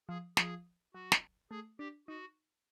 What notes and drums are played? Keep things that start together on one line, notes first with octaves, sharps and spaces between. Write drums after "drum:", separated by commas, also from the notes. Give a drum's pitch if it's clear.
F3 G#4
F3 G#4, drum: snare
F#3 F#4
drum: snare
A3 G#4
D4 G4
D#4 F#4